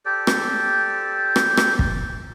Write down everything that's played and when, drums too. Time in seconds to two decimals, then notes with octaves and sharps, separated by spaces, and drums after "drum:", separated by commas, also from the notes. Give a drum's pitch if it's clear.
0.05 G4 A4 C5 D5
0.27 drum: rim click
1.36 drum: rim click
1.57 drum: rim click
1.79 drum: kick